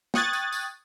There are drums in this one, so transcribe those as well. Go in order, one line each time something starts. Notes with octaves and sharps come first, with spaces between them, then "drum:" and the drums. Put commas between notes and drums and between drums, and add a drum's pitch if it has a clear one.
G5 C#6 D#6 F#6 G#6 A6, drum: snare
drum: tambourine
drum: tambourine